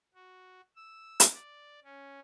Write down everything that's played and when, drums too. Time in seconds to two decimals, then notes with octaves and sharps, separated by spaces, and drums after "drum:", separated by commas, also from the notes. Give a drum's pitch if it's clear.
0.14 F#4
0.76 E6
1.20 drum: hi-hat
1.33 D5
1.84 C#4